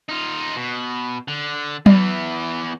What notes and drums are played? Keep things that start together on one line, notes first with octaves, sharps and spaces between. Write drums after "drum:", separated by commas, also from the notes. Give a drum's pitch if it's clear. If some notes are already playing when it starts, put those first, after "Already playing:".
D#4 F4
B2
D3
E2 E3, drum: tom F#3